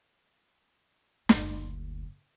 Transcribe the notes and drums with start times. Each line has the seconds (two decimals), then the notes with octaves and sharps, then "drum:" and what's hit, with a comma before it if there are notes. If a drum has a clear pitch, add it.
1.29 F#1 D2, drum: snare